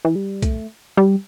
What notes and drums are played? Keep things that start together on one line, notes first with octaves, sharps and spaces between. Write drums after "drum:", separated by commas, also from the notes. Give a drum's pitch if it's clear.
E3
G3
A3, drum: kick B1, hi-hat
G3